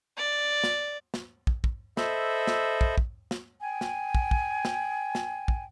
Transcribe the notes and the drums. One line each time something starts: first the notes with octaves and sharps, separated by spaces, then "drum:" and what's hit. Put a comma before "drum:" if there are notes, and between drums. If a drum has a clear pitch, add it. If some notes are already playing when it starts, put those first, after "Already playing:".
D5
drum: snare
drum: snare
drum: kick
drum: kick
A4 C5 D#5 E5 B5, drum: snare
drum: snare
drum: kick
drum: kick
drum: snare
G5 G#5
drum: snare
drum: kick
drum: kick
drum: snare
drum: snare
drum: kick